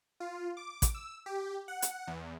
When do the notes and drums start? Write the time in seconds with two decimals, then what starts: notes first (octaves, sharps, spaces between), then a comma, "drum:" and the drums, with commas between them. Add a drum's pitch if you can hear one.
0.20 F4
0.57 D6
0.82 drum: kick, hi-hat
0.94 E6
1.26 G4
1.68 F#5
1.82 drum: hi-hat
2.07 E2